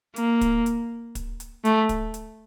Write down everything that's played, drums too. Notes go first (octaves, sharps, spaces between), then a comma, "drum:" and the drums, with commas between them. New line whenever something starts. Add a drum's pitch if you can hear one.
A#3, drum: hi-hat
drum: kick, hi-hat
drum: hi-hat
drum: kick, hi-hat
drum: hi-hat
A3, drum: hi-hat
drum: kick, hi-hat
drum: hi-hat